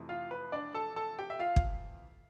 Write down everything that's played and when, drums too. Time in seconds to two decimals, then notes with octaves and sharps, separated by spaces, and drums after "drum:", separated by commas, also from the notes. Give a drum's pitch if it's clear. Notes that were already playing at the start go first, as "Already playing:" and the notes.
Already playing: F2 C3 E3 A3
0.09 F4 F5
0.31 B4
0.52 D4 D5
0.74 A4 A5
0.96 A4 A5
1.19 G4 G5
1.30 E5
1.39 F4 F5
1.56 drum: kick